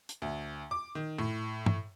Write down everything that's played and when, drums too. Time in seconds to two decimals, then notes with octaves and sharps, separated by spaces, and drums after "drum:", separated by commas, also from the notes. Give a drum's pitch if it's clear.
0.09 drum: hi-hat
0.22 D2
0.71 D6
0.95 D#3
1.18 A2
1.66 drum: tom